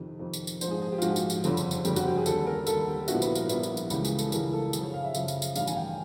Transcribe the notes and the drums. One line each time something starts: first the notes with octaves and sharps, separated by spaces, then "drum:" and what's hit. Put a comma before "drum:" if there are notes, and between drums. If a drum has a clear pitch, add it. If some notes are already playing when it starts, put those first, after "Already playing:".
Already playing: F2 C3 D#3
F2 C3 D#3
drum: tambourine
drum: tambourine
A#1 G#2 F3 C5, drum: tambourine
G#4
G#4
G4
F4
A#1 G#2 F3 F#4, drum: tambourine
drum: tambourine
drum: tambourine
F#1 F2 D3 G3 C4, drum: tambourine
drum: tambourine
drum: tambourine
F#1 F2 D3 G3 C4 G4, drum: tambourine
F#4, drum: tambourine
G4
G#4
D#2 D3 G3 A4, drum: tambourine
A#4
D#2 D3 G3 A4, drum: tambourine
G4
A#1 A#2 G3 B3 E4 F#4, drum: tambourine
B4, drum: tambourine
A#4, drum: tambourine
A#1 A#2 G3 B3 E4, drum: tambourine
drum: tambourine
drum: tambourine
C#2 C#3 E3 G3 G4, drum: tambourine
G#4, drum: tambourine
A4, drum: tambourine
C#2 C#3 E3 G3 A#4, drum: tambourine
A4
F#2 C#3 F3 G#4, drum: tambourine
C#5
F5
E5
F#2 C#3 F3, drum: tambourine
drum: tambourine
drum: tambourine
A1 G2 D#3 F5, drum: tambourine
G#5, drum: tambourine
G5